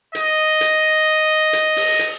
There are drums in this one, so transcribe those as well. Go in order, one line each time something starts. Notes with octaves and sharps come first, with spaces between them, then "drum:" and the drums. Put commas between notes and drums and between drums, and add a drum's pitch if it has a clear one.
D#5, drum: hi-hat
drum: hi-hat
drum: hi-hat
drum: open hi-hat
drum: hi-hat